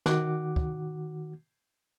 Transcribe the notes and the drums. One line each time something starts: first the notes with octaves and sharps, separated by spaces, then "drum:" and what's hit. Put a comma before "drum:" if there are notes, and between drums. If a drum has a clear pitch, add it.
D#3 F#4 F#5 D6, drum: snare
drum: kick